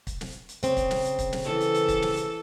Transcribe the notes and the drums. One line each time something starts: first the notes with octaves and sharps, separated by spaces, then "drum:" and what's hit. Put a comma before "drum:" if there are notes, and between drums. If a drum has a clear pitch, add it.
drum: kick, hi-hat
drum: snare
drum: hi-hat
C#3 C4, drum: hi-hat
drum: kick, hi-hat
drum: snare
drum: hi-hat
drum: kick, hi-hat
drum: snare
E3 A4
drum: hi-hat
drum: hi-hat
drum: kick, hi-hat
drum: snare
drum: hi-hat